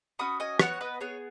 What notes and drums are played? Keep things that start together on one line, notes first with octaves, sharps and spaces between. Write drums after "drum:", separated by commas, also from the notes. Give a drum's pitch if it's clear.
C#4 F#4 B5 D#6
D#5 G#5
B3 D#4 F#4 C#5 F#5, drum: rim click
B4 D#5
B3 G#4 C#5